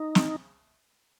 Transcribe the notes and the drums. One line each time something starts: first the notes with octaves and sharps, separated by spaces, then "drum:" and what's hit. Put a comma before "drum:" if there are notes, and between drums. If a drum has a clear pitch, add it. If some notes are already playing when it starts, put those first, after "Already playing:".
Already playing: D#4
drum: snare